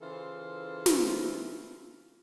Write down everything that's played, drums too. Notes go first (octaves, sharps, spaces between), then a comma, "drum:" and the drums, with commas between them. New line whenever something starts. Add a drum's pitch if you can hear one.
C#3 E3 F4 A4 C5
drum: snare